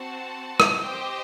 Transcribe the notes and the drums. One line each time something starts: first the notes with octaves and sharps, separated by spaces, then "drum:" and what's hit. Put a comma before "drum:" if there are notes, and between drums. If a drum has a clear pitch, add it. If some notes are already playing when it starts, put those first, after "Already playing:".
Already playing: C4 F#4 C5 F#5 A5
drum: rim click
G4 C5 D#5 G5